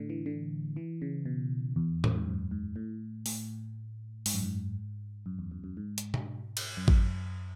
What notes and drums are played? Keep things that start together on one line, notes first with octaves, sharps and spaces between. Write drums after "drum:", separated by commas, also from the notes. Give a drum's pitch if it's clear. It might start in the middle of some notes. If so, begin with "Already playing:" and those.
Already playing: A2 D3
E3
D3
E3
C#3
B2
E2
drum: tom A2
G#2
F#2
G#2
A2
A2, drum: open hi-hat
G#2, drum: open hi-hat
F#2
G#2
F#2
E2
F#2
F#2
G#2
drum: hi-hat
drum: tom B2
drum: cymbal
F#2
drum: kick G#1